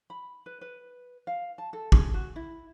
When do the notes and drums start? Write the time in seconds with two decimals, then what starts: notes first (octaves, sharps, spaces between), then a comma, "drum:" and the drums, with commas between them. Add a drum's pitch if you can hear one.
0.10 B5
0.46 B4
0.61 B4
1.27 F5
1.58 A5
1.73 A4
1.92 G#4, drum: kick
2.14 F#4
2.36 E4